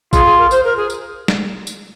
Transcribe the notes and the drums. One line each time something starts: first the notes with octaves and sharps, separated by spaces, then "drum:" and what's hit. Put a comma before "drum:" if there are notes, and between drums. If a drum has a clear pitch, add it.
F4 G#4, drum: kick A1, tambourine
G#4
A#4
C5, drum: tambourine
A#4
G#4
drum: tambourine
drum: snare
drum: tambourine